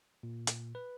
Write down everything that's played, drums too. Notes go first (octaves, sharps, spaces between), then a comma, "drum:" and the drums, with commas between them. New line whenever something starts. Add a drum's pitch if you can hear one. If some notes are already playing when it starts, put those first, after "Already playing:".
A#2
drum: hi-hat
B4